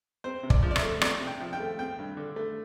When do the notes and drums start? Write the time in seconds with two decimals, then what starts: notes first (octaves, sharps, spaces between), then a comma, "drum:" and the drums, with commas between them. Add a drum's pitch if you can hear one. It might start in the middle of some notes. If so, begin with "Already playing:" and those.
0.24 C4 C5
0.43 C3
0.50 D5, drum: kick
0.63 F3
0.71 D5
0.76 E5, drum: rim click
0.83 A3
1.01 C4 D5, drum: rim click
1.20 C3
1.27 G5
1.41 F3
1.53 G5
1.60 A3
1.79 C4 G5
1.99 G2
2.17 D3
2.36 A3